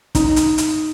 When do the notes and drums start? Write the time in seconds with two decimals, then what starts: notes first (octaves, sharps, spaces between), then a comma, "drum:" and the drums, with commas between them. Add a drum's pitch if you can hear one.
0.15 D#4, drum: kick, hi-hat
0.36 drum: hi-hat
0.58 drum: hi-hat